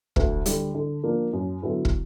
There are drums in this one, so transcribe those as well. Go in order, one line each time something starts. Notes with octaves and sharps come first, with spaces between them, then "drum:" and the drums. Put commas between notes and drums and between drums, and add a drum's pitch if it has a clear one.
D2, drum: kick
D3 G3, drum: hi-hat
D3
F3 A#3 D4
F#2
D3 F#3 B3 E4
drum: kick